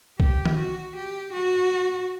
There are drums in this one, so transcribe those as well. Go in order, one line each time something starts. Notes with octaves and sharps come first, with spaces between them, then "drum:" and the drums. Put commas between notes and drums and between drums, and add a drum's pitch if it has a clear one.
G4, drum: kick C2
drum: tom D#3
F#4
G4
F#4